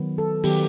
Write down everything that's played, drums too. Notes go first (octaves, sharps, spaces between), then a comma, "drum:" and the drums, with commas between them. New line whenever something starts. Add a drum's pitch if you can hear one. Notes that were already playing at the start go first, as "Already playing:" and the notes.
Already playing: D#3 F#3 B3
A4
D#3 F#3 B3 G4, drum: open hi-hat